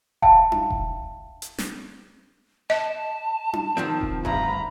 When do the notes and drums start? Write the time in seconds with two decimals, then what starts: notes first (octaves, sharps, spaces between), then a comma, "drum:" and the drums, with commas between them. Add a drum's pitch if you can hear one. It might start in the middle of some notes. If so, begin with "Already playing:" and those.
0.22 E5 F5 G5 A5, drum: kick E1
0.52 drum: tom D4
0.70 drum: kick E1
1.42 drum: hi-hat
1.58 drum: snare
2.70 D#5 A5
3.53 drum: tom D4
3.77 D#3 F3 C4
4.01 drum: kick E1
4.25 D2 G2 A#5 B5, drum: kick E1